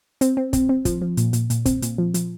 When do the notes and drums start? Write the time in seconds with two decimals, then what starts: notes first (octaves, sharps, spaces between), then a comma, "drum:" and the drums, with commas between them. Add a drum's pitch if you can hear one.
0.21 C4, drum: hi-hat
0.37 C4
0.53 C4, drum: kick, hi-hat
0.69 C4
0.85 F3, drum: kick, hi-hat
1.02 F3
1.17 A#2, drum: hi-hat
1.33 A#2, drum: hi-hat
1.50 A#2, drum: hi-hat
1.66 C4, drum: kick, hi-hat
1.82 A#2, drum: hi-hat
1.98 F3
2.14 F3, drum: hi-hat